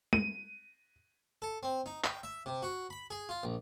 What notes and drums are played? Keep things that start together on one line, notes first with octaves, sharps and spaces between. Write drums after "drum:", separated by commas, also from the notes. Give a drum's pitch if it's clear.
D#7, drum: tom G#3
A4
C4
D#4
G5, drum: clap
E5
C3
F#4
B5
G#4
F4
A#1